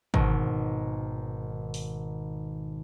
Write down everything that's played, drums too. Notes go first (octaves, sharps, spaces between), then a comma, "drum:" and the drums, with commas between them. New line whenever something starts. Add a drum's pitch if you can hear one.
G#1 B2 D#3, drum: kick
drum: open hi-hat